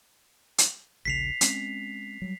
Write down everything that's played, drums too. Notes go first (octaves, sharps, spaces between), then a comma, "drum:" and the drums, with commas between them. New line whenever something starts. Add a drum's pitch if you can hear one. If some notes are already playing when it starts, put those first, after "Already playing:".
drum: hi-hat
A#1 D#2 C#3 B6 C7 F7
G#3 C4 C#4, drum: hi-hat
F#3 G3